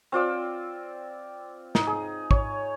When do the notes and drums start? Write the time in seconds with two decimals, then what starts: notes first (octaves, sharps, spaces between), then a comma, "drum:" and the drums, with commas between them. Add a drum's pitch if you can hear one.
0.12 C4 F4 D5 E6
1.75 D#4, drum: snare
1.87 G#4
2.31 C#5, drum: kick